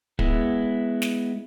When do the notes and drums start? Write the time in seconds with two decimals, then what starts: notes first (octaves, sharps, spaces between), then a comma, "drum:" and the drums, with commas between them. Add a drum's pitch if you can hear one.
0.19 G#3 B3 E4, drum: kick
1.02 drum: snare